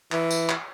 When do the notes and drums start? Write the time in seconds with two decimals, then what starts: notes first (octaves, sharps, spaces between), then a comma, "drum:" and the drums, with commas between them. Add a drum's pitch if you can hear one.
0.12 E3, drum: clap
0.31 drum: tambourine
0.49 drum: clap